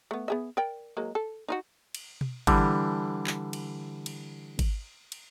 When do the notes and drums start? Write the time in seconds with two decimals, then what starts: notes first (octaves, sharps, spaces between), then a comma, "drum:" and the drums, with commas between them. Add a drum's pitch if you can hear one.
0.11 A3 B3
0.28 B3 G#4 E5
0.57 A#4 D5 G5
0.97 F#3 G#3 A#3
1.15 A4
1.48 D#4 F4 F#4
1.95 drum: cymbal
2.21 drum: tom B2
2.47 D3 E3 G3, drum: kick G#1, cymbal
3.27 drum: clap
3.53 drum: cymbal
4.06 drum: cymbal
4.59 drum: kick G#1, cymbal
5.12 drum: cymbal